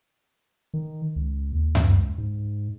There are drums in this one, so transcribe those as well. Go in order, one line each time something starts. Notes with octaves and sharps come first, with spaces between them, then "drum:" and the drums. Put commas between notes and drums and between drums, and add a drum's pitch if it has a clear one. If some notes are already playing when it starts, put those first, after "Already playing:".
D#3
C#2
D#2
drum: tom F#2
C#2
G#2